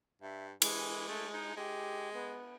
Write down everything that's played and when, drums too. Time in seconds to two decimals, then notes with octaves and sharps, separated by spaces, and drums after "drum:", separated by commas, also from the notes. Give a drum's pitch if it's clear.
0.22 G2 E5
0.62 E3 G#3, drum: cymbal
1.09 A3
1.34 D#4
1.57 G#3 G4
2.14 B3